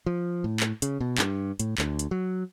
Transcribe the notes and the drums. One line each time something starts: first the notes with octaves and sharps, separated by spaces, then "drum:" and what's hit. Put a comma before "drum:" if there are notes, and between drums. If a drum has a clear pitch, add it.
F3
A2
drum: clap
C#3, drum: hi-hat
B2
G2, drum: clap
A2, drum: hi-hat
D2, drum: clap
drum: hi-hat
F#3